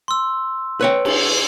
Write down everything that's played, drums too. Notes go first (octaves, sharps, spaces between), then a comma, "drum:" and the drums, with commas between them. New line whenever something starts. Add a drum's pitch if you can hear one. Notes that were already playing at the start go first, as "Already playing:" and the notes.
C6 E6
B4 C#5 G5
drum: cymbal